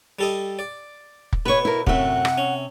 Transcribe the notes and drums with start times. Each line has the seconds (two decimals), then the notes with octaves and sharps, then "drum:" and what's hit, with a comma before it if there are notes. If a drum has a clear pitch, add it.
0.19 G3 A4 D#5
0.59 D5
1.33 drum: kick
1.46 B2 B4 C#5 C#6
1.65 E4 A#4
1.87 F#2 A2 C3 E5 F#5, drum: kick
2.25 drum: rim click
2.38 C#4